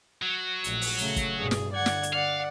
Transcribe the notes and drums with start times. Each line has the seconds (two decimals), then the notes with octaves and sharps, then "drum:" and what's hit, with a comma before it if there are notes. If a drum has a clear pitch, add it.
0.22 F#3
0.64 A#1 A3, drum: hi-hat
0.81 drum: open hi-hat
0.98 C#3 A3, drum: hi-hat
1.16 drum: kick, hi-hat
1.38 G2 B2 G#4
1.51 drum: snare
1.74 D3 D5 F#5 G#6
1.86 drum: snare
2.03 drum: hi-hat
2.13 D5 F5 F#5